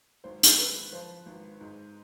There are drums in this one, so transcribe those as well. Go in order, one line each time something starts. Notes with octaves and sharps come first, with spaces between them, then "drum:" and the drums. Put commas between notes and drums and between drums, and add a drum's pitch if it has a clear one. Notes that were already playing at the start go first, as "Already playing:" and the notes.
G#1 C5
drum: hi-hat
G#1 B4
F3 C5
G#1
G#2